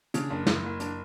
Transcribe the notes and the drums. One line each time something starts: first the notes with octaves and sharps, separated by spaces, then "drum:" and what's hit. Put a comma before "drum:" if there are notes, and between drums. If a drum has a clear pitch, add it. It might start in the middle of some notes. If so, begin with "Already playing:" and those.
C#3 D4, drum: hi-hat
F#1 D4
F#1 E4, drum: snare
F#1
D4, drum: hi-hat